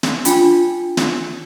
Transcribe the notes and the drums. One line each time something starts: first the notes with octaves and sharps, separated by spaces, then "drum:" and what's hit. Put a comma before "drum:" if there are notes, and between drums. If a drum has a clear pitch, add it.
drum: snare
D4 F4 G5, drum: hi-hat
drum: snare